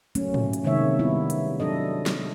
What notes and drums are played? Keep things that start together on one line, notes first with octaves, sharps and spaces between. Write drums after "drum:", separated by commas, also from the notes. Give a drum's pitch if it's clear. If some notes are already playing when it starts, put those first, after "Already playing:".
F#3 A3 A#3 C#4, drum: hi-hat
drum: tom
drum: hi-hat
C3 D#3 G#3 A#3 C#5 E5
D#3 G3 B3 E4
drum: hi-hat
F#3 D4 A4 D#5
drum: snare